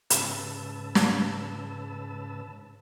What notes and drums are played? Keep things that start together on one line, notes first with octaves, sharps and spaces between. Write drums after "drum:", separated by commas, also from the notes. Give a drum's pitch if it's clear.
G#2 C#3 B4 A5 E6, drum: hi-hat
drum: snare